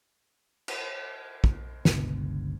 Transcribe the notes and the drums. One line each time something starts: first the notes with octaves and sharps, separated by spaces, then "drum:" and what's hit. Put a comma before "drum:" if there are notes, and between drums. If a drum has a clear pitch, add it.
drum: cymbal
drum: kick
G1 C#2 B2 D3, drum: snare